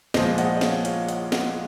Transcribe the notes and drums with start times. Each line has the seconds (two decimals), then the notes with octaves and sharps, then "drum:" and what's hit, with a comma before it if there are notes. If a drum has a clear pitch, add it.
0.14 A#1 A#2 F3 G#3 C5 D#5, drum: snare
0.38 D#5 F#5, drum: hi-hat
0.57 D#5
0.61 C#5 F5, drum: snare
0.85 C#5 F5, drum: hi-hat
1.09 D#5 F#5, drum: hi-hat
1.32 D#5 F#5, drum: snare